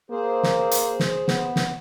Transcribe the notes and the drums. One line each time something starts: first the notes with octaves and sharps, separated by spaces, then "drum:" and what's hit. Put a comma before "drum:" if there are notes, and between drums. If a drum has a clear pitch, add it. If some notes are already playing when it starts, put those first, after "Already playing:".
A#3 G#4 C5
drum: snare
drum: hi-hat
drum: snare
B3, drum: snare
drum: snare